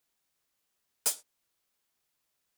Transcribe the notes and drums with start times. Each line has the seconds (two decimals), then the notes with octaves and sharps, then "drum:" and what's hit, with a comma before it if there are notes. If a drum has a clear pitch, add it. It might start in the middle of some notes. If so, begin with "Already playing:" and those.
0.07 G4 F5 G5
1.06 drum: hi-hat